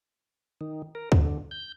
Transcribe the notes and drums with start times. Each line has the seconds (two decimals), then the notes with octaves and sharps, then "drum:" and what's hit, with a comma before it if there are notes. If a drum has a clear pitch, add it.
0.61 D#3
0.95 A#4
1.12 D3, drum: kick D2
1.51 G6